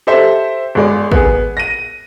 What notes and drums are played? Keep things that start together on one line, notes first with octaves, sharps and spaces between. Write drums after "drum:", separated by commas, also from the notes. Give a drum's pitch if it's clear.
G4 A4 C5 E5
G1 G#3 D5
B3 G#4, drum: kick
A#6 D#7